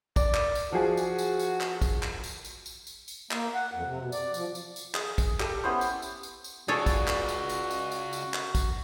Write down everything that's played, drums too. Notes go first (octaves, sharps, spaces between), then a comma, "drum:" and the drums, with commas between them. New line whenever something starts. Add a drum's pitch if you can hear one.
D5, drum: kick, tambourine
drum: clap
drum: tambourine
F3 F#4 G#4
drum: tambourine
drum: tambourine
drum: tambourine
drum: clap
drum: kick, tambourine
drum: clap
drum: tambourine
drum: tambourine
drum: tambourine
drum: tambourine
drum: tambourine
A#3, drum: clap
F#5
F2
C3
B2
D5, drum: tambourine
F3, drum: tambourine
drum: tambourine
drum: tambourine
G#4, drum: clap
drum: kick, tambourine
G4 A4, drum: clap
B3 C#4 E4 C5
drum: tambourine
drum: tambourine
drum: tambourine
drum: tambourine
C#2 C#3 F#4 G#4 A4 C#5 D5
drum: kick, tambourine
drum: clap
drum: tambourine
drum: tambourine
drum: tambourine
drum: tambourine
drum: tambourine
drum: clap
drum: kick, tambourine